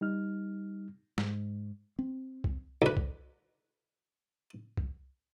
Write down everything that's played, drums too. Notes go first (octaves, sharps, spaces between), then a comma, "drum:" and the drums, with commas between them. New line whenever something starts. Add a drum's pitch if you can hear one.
G3 D#4 F6
G#2, drum: snare
C4
drum: kick C2
D2 B4
drum: kick C2
drum: kick C2